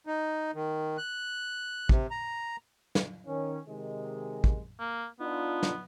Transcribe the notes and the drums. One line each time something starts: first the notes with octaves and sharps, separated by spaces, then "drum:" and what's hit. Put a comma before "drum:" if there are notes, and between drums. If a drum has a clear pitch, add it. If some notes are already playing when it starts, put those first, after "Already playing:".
D#4
D#3
F#6
C3, drum: kick
A#5
drum: snare
D#3 C#4
C3 D#3 G#3
drum: kick
A#3
B3 D4 D#4 F4
drum: snare